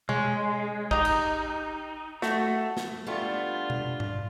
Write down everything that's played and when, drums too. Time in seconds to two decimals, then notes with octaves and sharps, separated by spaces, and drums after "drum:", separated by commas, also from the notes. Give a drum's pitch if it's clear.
0.09 G#3 C#4, drum: tom B2
0.91 D#4 G4 D#5, drum: kick
1.05 drum: cymbal
2.22 A3 F#4, drum: snare
2.77 drum: snare
3.07 G3 A3 B3 D4 F4
3.70 drum: tom B2
4.00 drum: tom G#2